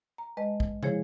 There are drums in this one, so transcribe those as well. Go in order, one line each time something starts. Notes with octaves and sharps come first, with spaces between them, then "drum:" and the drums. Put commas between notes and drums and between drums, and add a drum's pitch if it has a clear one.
A#5
G#3 B4 D#5 A5
drum: kick
F3 G#3 E4 G#4 C5 C#5, drum: tom